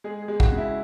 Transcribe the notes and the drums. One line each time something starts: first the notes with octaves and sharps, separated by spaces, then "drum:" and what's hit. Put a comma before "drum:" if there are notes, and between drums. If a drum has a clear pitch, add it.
G#3 G#4
G#4
G#3
F#4, drum: kick
C#3
E4